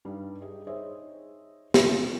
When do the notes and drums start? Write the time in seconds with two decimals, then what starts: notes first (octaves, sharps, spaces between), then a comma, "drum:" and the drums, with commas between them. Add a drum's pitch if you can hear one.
0.05 G2 G3 D#4
0.42 G4 G#4 D#5
0.67 D#4 G#4 C5 C#5 D#5 E5
1.74 G#3 A#3 C#4 F#4 G4, drum: snare